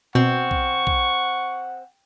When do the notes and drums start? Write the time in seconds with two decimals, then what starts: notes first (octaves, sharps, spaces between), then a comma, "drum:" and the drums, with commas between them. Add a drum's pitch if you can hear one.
0.15 B2 C4 F#5 C#6
0.51 drum: kick
0.87 drum: kick